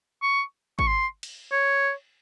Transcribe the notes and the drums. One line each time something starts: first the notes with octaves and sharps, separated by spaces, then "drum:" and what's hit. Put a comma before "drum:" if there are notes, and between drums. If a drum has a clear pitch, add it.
C#6
C#6, drum: kick
C6
drum: cymbal
C#5